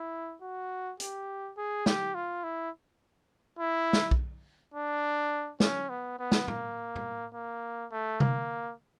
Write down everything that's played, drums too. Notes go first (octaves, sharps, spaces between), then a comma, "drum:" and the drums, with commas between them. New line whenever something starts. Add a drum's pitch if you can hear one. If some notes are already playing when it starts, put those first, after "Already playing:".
Already playing: E4
F#4
G4, drum: hi-hat
G#4
G4, drum: snare
F4
E4
E4
drum: snare
drum: kick B1
D4
C#4, drum: snare
B3
B3
drum: snare
A#3, drum: tom
drum: tom
A#3
A3
A#3, drum: tom C3